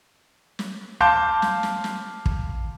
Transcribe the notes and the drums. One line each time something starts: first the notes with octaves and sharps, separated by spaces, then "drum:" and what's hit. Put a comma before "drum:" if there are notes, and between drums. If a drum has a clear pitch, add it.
drum: snare
F5 A5 C6 D6 G6
drum: snare
drum: snare
drum: snare
drum: kick